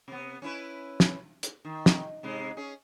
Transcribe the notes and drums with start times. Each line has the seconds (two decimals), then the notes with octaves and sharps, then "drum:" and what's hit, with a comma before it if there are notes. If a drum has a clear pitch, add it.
0.08 C3 B3
0.42 C#4 E4 B4
1.00 drum: snare
1.43 drum: hi-hat
1.65 D#3
1.86 drum: snare
2.23 G#2 C3 G#3
2.57 C#4 G#4